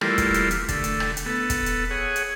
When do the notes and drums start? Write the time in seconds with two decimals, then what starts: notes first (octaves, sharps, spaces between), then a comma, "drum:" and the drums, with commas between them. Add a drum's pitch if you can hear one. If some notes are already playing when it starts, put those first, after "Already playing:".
0.01 E3 G3 A3 A#3 F4, drum: rim click
0.18 drum: kick, hi-hat
0.34 drum: hi-hat
0.51 drum: hi-hat
0.68 D3 A3, drum: kick, hi-hat
0.84 drum: hi-hat
1.00 drum: rim click
1.17 drum: hi-hat
1.26 B3 A4
1.50 drum: kick, hi-hat
1.66 drum: hi-hat
1.90 G#4 C#5 F#5
2.16 drum: hi-hat